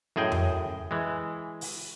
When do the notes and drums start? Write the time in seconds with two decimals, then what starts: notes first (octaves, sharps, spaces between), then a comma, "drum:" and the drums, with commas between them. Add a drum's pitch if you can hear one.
0.16 F#2 A2 G#4 D#5 G5
0.32 drum: tom F2
0.91 E3 G#3
1.61 drum: open hi-hat